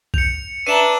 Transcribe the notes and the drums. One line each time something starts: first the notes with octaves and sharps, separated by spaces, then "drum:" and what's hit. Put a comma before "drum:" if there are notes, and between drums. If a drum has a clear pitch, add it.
G6 C#7 F7, drum: kick A#1
D4 B4 E5 A#5 E6 D#7 E7 F#7